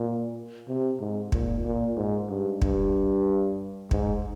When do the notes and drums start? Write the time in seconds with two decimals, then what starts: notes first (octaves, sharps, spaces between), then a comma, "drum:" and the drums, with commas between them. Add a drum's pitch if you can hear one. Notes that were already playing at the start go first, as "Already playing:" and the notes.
Already playing: A#2
0.68 C3
1.00 G#2
1.32 A#2, drum: kick
1.65 A#2
1.97 G#2
2.30 G2
2.62 G2, drum: kick
3.91 G#2, drum: kick